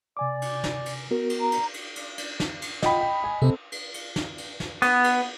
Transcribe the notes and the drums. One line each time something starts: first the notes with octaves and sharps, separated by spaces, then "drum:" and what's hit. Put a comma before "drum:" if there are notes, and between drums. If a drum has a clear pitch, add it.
C3 D5 G#5 D6
drum: cymbal
drum: snare
drum: cymbal
B3 F#4 A#4
drum: cymbal
A#5
drum: cymbal
drum: cymbal
drum: cymbal
drum: cymbal
drum: snare
drum: cymbal
F4 D#5 F#5 G5 B5, drum: snare
G5
G#5
C3 C4 A4
drum: cymbal
drum: cymbal
drum: snare
drum: cymbal
drum: snare
B3, drum: cymbal
drum: cymbal